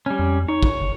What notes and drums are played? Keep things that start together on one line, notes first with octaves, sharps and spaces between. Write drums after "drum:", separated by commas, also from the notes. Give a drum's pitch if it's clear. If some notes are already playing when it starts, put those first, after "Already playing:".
G3 C#4
F2
D#4 C#5
drum: kick
G1